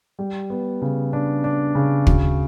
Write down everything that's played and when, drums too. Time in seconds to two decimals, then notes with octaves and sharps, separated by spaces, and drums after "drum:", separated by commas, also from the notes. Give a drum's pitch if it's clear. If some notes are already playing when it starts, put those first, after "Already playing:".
0.19 G3
0.50 B3
0.82 C#3
1.13 D4
1.44 D4
1.75 C#3
2.07 F#4, drum: kick